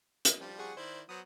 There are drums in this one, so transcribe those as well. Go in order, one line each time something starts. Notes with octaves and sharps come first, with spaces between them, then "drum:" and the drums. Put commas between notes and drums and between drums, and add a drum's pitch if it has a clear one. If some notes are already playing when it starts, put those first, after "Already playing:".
drum: hi-hat
F3 G3
G#4 F#5 C#6
D#3 E4 C5 D5
F#3 B3 C5 D#6